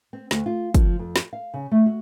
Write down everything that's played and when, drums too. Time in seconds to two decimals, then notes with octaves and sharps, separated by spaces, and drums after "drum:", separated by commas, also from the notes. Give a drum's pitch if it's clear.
0.13 C4
0.31 D2, drum: snare
0.46 F4
0.75 F3, drum: kick, hi-hat
0.99 F2
1.16 drum: snare
1.33 F5
1.54 C#3
1.71 A3
1.86 F#4